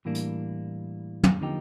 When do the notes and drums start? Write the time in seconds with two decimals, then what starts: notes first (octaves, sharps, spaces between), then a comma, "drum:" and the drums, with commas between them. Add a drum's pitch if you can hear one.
0.05 A2 E3 G3 A#3 D4
0.15 drum: hi-hat
1.23 drum: tom
1.40 D3 F3 A#3 D#4 G4